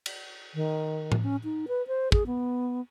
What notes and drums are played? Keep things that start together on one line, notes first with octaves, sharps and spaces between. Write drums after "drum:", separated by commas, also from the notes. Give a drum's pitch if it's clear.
drum: cymbal
D#3
drum: tom A2
C#4
D#4
B4
C5
G#4, drum: kick
B3